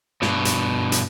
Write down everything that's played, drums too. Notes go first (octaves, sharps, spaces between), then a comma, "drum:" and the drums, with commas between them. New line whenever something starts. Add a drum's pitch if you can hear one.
G2 B2, drum: snare
drum: hi-hat
drum: hi-hat